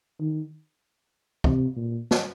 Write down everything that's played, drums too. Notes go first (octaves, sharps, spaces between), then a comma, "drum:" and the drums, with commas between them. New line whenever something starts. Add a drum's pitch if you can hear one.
D#3
C3, drum: kick
A#2
drum: snare